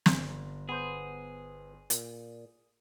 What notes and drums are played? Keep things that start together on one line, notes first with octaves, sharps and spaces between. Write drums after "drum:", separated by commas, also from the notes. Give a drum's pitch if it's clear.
G1, drum: snare
B3 G#4 C5
A#2, drum: hi-hat